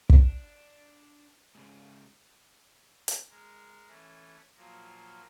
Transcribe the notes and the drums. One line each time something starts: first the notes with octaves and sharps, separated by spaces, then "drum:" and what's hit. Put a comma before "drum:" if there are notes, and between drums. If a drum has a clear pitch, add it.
D4, drum: kick
G#2 C#3
drum: hi-hat
G#3 A#4
E3 A3 C#4
A#2 F3 F#3 A#4